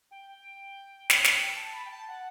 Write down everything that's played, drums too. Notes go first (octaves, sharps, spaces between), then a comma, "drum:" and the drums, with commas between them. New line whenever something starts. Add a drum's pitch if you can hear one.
G5
drum: snare
drum: snare
A5
B5
G5
A5
F#5